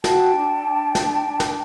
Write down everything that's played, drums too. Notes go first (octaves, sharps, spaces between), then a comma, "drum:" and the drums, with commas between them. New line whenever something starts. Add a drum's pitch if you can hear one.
F#4 G5 A5, drum: snare
D4
D4
D4, drum: snare
D4
drum: snare